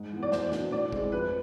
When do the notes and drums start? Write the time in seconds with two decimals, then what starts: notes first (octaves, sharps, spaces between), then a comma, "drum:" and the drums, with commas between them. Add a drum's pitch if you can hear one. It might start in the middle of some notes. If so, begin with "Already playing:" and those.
Already playing: G#2
0.12 E3 B3
0.23 D5
0.32 E2 C5, drum: snare
0.52 B2 B3 D4, drum: snare
0.72 A2 D5
0.92 G#3 C4 E4, drum: kick
1.12 F2 B4